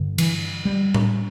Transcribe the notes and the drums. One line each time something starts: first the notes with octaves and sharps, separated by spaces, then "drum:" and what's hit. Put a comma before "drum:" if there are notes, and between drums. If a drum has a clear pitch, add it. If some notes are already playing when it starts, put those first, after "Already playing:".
Already playing: G2 D3
E3, drum: cymbal
G3
drum: tom A2